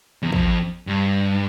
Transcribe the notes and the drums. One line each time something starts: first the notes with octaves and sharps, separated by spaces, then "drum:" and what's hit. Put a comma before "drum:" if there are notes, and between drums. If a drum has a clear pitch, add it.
E2
F2, drum: kick
G2